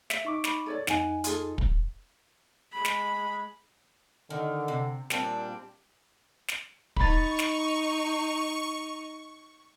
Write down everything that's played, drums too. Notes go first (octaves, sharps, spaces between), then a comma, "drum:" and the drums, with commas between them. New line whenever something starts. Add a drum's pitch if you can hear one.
E5, drum: snare
D#4 C#6 D6
B5, drum: snare
A4 C#5 D5
F2 D#4 F#5 G#5, drum: snare
F4 G#4 A4, drum: hi-hat
drum: kick
G#3 B5
drum: snare
D3 D#3
C3
A#2 G3 C4 D4, drum: snare
drum: snare
D#4 B5 C#6 A6, drum: kick
drum: snare